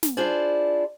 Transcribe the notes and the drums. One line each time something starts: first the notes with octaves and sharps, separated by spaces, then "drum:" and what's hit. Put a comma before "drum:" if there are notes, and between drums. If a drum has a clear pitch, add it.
drum: snare
D4 E4 F4 G#4 C5 D5